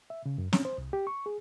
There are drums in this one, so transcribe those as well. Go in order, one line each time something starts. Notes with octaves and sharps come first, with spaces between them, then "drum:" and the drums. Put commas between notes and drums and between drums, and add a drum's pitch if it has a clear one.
E5
C#3
F#2
C#4, drum: snare
C5
C2
G4
C#6
G#4